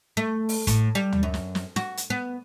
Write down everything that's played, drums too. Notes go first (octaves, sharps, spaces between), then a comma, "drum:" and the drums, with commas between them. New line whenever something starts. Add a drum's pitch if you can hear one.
A3
drum: open hi-hat
A2, drum: kick, hi-hat
G3
drum: tom D2
F#2
drum: snare
drum: snare
F#4, drum: snare
drum: hi-hat
B3